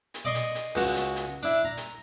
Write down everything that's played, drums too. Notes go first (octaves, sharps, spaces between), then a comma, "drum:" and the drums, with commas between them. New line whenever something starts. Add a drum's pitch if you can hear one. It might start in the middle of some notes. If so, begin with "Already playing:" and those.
drum: hi-hat
D5 D#5 C6 C#6 D#6
drum: hi-hat
drum: hi-hat
C#2 F#4, drum: open hi-hat
drum: hi-hat
drum: hi-hat
D4 E4
A#5
drum: hi-hat